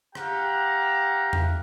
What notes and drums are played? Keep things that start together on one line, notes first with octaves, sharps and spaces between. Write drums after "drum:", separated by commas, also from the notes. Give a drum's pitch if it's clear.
G4 F5 F#5 A#5, drum: rim click
drum: tom E2